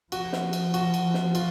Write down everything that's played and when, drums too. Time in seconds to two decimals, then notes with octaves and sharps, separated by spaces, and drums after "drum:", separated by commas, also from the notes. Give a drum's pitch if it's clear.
0.12 F3 F#4, drum: cymbal
0.33 drum: snare
0.53 drum: cymbal
0.74 F#4, drum: cymbal
0.94 drum: cymbal
1.14 drum: snare
1.35 F4, drum: cymbal